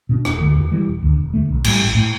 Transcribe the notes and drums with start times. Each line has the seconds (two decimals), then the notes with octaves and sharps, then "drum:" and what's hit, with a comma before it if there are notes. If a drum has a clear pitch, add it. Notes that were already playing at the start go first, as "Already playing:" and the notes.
0.09 B2 B3 D4
0.25 E1, drum: rim click
0.40 D2 D3
0.55 E2
0.72 E3 G3
0.87 E1
1.03 D2 D3
1.18 E1
1.34 E2 D3 A3
1.49 B1
1.64 A2 G3, drum: cymbal
1.80 A1
1.95 A2 A3